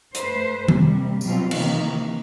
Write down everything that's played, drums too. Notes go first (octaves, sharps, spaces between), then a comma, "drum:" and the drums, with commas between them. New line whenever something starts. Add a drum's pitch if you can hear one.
A3 B4 C5, drum: hi-hat
C3 G3 A#3, drum: tom D#3
B2 F#3 G3 C4 F4, drum: tambourine
C3 D#3 E3 A#3, drum: cymbal